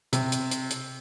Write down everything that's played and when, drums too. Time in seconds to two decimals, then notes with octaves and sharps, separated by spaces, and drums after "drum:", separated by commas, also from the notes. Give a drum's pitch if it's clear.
0.13 C3, drum: hi-hat
0.32 drum: hi-hat
0.51 drum: hi-hat
0.70 drum: hi-hat